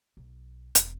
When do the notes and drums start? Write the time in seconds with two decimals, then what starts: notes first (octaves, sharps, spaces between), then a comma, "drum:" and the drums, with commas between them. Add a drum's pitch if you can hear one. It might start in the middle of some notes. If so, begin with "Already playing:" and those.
0.17 B1
0.75 E1, drum: hi-hat